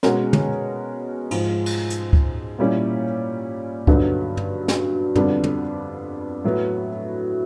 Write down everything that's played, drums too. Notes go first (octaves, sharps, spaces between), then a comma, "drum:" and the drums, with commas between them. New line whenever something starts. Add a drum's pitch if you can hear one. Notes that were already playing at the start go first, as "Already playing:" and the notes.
B2 G#3 C#4 F#4 A#4, drum: snare
drum: tom
G#2 F3 G#3, drum: cymbal
drum: cymbal
drum: hi-hat
drum: kick C#2
A#2 G3 A#3 C#4 E4
G2 D3 F#3 B3 D#4, drum: kick C#2
drum: tom
drum: snare
F2 D3 G3 B3 D4, drum: tom
drum: tom
A2 F#3 B3